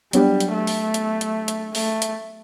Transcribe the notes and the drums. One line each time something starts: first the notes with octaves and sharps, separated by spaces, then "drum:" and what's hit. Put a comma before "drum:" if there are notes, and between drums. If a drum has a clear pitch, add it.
F#3 G3 B3 D4 G4, drum: hi-hat
drum: hi-hat
A3
drum: open hi-hat
drum: hi-hat
drum: hi-hat
drum: hi-hat
A3, drum: open hi-hat
drum: hi-hat